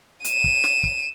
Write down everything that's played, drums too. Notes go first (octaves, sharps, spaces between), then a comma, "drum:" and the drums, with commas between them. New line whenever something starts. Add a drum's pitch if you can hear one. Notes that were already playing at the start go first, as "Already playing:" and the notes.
D#7 E7, drum: hi-hat
drum: kick
drum: snare
drum: kick